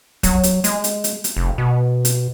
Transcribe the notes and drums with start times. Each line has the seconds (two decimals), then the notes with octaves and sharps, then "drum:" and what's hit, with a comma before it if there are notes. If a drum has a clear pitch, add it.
0.23 F#3, drum: kick, hi-hat
0.43 drum: hi-hat
0.64 G#3, drum: hi-hat
0.84 drum: hi-hat
1.04 drum: hi-hat
1.24 drum: hi-hat
1.37 F1
1.58 B2
2.05 drum: hi-hat